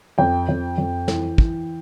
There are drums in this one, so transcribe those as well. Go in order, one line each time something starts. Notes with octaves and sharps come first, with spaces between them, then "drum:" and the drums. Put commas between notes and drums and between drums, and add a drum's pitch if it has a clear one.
F2 G5
F2
F2
E3, drum: snare
E3, drum: kick